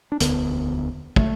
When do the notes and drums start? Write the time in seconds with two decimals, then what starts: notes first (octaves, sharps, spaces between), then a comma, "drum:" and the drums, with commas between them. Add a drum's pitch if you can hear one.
0.12 D4
0.20 E1 D2 D3 B3, drum: hi-hat
1.16 A3, drum: kick